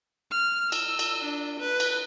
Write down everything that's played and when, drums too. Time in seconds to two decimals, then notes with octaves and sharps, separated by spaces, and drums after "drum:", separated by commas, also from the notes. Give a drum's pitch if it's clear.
0.31 F6
0.72 E6, drum: cymbal
0.99 drum: cymbal
1.24 D4
1.60 B4
1.80 drum: cymbal